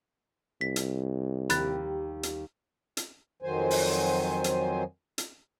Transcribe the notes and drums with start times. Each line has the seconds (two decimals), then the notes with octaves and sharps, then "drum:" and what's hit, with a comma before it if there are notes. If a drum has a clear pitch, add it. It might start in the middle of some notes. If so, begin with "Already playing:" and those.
0.61 C2 B6
0.76 drum: hi-hat
1.50 D#2 G3 A#3 B5 F#6 A6, drum: hi-hat
2.23 drum: hi-hat
2.97 drum: hi-hat
3.42 F2 D#3 F#3 C5 G#5
3.71 drum: open hi-hat
4.44 drum: hi-hat
5.18 drum: hi-hat